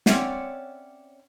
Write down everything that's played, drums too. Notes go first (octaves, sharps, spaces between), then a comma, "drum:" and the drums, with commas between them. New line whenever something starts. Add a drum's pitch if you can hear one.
C4 C#4 C#5 D5 E5 F#5, drum: snare